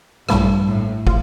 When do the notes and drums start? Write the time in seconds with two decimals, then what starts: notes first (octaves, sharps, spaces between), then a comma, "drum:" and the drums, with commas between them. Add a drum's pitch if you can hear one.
0.29 A#1 G2 A#2 A3 E4, drum: rim click
0.69 A2
1.07 F4, drum: kick